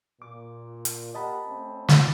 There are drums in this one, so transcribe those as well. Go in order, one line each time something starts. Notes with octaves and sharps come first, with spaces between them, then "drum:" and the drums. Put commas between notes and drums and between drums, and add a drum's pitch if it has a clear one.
A#2 D6
drum: hi-hat
G4 A#4 D#5 F#5 A5 B5
A3 C4 C#4
drum: snare